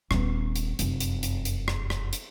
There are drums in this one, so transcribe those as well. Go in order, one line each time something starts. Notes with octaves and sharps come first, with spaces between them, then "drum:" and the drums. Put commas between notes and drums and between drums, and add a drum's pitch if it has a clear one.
D#1 B3, drum: rim click
drum: hi-hat
F1 F#2, drum: hi-hat
drum: hi-hat
drum: hi-hat
drum: hi-hat
drum: rim click
drum: rim click
drum: hi-hat